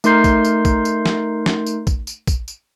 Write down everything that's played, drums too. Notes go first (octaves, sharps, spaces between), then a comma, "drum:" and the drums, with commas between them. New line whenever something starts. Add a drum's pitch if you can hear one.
A3 D#4 A#4 C6 G6 C7, drum: tambourine
drum: kick, tambourine
drum: tambourine
drum: kick, tambourine
drum: tambourine
drum: snare
drum: snare
drum: tambourine
drum: kick, tambourine
drum: tambourine
drum: kick, tambourine
drum: tambourine